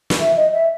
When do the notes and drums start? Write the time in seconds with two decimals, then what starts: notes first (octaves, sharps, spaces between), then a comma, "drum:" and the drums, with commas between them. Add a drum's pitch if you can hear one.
0.10 drum: snare
0.20 E5
0.37 D#5
0.53 E5